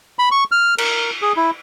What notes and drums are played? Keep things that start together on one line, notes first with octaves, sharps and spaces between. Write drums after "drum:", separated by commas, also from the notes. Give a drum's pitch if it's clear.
B5
C#6
F6
A#4, drum: cymbal
G#4
E4